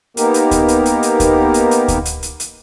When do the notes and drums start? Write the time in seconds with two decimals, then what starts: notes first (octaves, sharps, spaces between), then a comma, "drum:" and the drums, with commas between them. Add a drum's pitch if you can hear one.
0.17 A#3 B3 D#4 G4 A#4, drum: hi-hat
0.34 drum: hi-hat
0.51 drum: kick D2, hi-hat
0.68 drum: hi-hat
0.86 drum: hi-hat
1.03 drum: hi-hat
1.20 drum: kick D2, hi-hat
1.54 drum: hi-hat
1.71 drum: hi-hat
1.88 drum: kick D2, hi-hat
2.05 drum: hi-hat
2.23 drum: hi-hat
2.40 drum: hi-hat